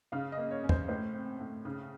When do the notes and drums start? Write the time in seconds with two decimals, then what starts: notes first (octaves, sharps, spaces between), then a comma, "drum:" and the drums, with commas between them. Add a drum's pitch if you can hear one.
0.12 C#3 F5
0.32 D#5
0.38 A#3
0.51 C#5
0.64 C#4
0.69 C5, drum: tom E2
0.88 A2 C5
1.14 C4
1.40 A2
1.65 C#3